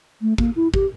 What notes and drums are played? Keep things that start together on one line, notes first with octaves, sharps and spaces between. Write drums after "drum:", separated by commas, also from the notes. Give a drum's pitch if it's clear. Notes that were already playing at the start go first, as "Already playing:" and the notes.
A3
A#3, drum: kick
E4
G4, drum: kick